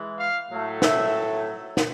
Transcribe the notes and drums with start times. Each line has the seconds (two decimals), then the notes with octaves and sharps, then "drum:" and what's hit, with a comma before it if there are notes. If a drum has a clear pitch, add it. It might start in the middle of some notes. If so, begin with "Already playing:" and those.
Already playing: E3 G#3
0.19 F5
0.51 A2 F#3 A3
0.82 E5, drum: snare
1.77 drum: snare